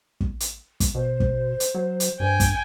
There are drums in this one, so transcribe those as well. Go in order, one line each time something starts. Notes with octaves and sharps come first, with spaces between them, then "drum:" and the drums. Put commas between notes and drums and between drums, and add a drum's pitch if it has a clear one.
drum: kick
drum: hi-hat
drum: kick, hi-hat
B2 C5
drum: kick
drum: hi-hat
F#3
drum: hi-hat
G2 G5 G#5
drum: kick, hi-hat